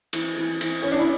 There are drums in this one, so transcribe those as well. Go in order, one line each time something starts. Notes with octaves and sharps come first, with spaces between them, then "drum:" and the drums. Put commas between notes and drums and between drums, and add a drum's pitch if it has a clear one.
E3, drum: cymbal
E3
E3, drum: cymbal
E3 C#4
D4
E4